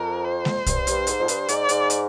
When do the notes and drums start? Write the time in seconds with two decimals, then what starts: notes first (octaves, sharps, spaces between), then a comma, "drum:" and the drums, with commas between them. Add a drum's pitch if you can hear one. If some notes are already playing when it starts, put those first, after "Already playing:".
Already playing: F2 A#4
0.25 C5
0.45 drum: snare G#3
0.66 G2, drum: kick, hi-hat
0.87 G2, drum: hi-hat
1.07 G#2, drum: hi-hat
1.19 F2
1.28 G2, drum: hi-hat
1.48 G#2 D5, drum: hi-hat
1.69 G#2, drum: hi-hat
1.90 drum: hi-hat